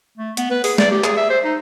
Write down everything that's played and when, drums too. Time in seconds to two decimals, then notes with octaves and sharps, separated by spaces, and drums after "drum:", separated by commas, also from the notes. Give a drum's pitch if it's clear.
0.17 A3
0.37 B3, drum: hi-hat
0.51 B4
0.64 G#4, drum: open hi-hat
0.78 D5, drum: snare
0.91 G4
1.04 G#4, drum: clap
1.17 E5
1.30 C5
1.44 D#4